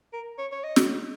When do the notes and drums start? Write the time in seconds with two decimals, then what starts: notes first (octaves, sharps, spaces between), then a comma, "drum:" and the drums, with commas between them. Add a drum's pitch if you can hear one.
0.13 A#4
0.38 C#5
0.52 C#5
0.64 D#5
0.76 drum: snare